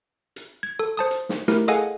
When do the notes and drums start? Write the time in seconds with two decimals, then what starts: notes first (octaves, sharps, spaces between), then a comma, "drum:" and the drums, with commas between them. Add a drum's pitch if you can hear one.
0.36 drum: hi-hat
0.63 G#6
0.79 A4
0.97 C5 A5 D#6
1.11 drum: hi-hat
1.29 drum: snare
1.48 A3 E4 G4 A#4, drum: snare
1.68 G#4 A4 D#5 F5 F#5 G#5, drum: hi-hat